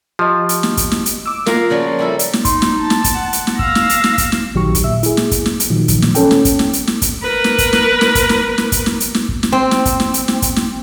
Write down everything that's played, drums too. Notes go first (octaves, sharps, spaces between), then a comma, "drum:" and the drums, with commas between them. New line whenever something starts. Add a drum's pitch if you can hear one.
F3 G4 D#5
drum: hi-hat
drum: snare
drum: kick, hi-hat
drum: snare
drum: hi-hat
D6 E6
A#3 F4 A#4 F5 F#5 G#5 A#5, drum: snare
C#3 F3 F#3 D5
G3 E4 A4
drum: hi-hat
drum: snare
D#4 C6, drum: kick, hi-hat
drum: snare
A5
drum: snare
drum: kick, hi-hat
F#5
drum: hi-hat
drum: snare
F5 E6 A#6, drum: kick
drum: snare
drum: hi-hat
drum: snare
drum: kick, hi-hat
drum: snare
A#1 D#3 F#3 G4 C#6
drum: kick, hi-hat
A#2 E5 E6
E4 G#4, drum: hi-hat
drum: snare
drum: kick, hi-hat
drum: snare
drum: hi-hat
A#2 D#3 F3 F#3
drum: kick, hi-hat
drum: snare
C#4 A4 G5, drum: hi-hat
drum: snare
drum: kick, hi-hat
drum: snare
drum: hi-hat
drum: snare
drum: kick, hi-hat
A#4 B4
drum: snare
drum: kick, hi-hat
drum: snare
drum: snare
drum: kick, hi-hat
drum: snare
drum: snare
drum: kick, hi-hat
drum: snare
drum: hi-hat
drum: snare
drum: kick
drum: snare
C4
drum: snare
drum: kick, hi-hat
drum: snare
drum: hi-hat
drum: snare
drum: kick, hi-hat
drum: snare